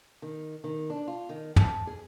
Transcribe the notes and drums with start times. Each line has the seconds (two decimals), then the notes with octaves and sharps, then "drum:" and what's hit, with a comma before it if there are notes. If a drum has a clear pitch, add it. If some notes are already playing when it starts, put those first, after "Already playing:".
0.22 D#3
0.64 D#3
0.90 D4
1.08 F4
1.29 D#3
1.56 A5, drum: tom
1.87 G#4